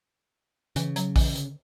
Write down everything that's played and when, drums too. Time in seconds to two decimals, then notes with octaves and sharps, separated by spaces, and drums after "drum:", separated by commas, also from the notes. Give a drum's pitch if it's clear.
0.76 C#3 E3, drum: hi-hat
0.96 F#3, drum: hi-hat
1.16 E3, drum: kick A#1, open hi-hat
1.35 D3, drum: hi-hat